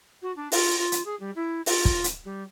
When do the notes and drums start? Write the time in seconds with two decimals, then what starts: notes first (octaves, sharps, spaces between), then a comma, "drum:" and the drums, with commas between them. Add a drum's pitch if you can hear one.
0.22 F#4
0.36 D4
0.52 F4, drum: open hi-hat
0.77 F4
0.92 drum: hi-hat
1.05 G#4
1.19 G3
1.35 E4
1.66 F4, drum: open hi-hat
1.85 drum: kick
2.04 drum: hi-hat
2.24 G3